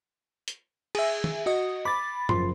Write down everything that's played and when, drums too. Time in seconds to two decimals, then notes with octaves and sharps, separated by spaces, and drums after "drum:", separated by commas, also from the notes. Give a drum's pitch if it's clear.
0.48 drum: hi-hat
0.95 G#4 E5, drum: cymbal
1.24 drum: tom
1.46 F#4 D#5
1.85 B5 D6 A6
2.29 F#1 F3 C6, drum: tom